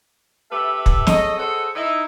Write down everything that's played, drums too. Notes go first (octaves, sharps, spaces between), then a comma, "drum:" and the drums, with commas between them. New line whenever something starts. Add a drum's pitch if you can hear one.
A3 G4 A4 B4 E5
drum: kick
G#4 A4 C#5 D#5, drum: snare
G#4 A4 C5 C#5 D#5 F#5
D#4 E4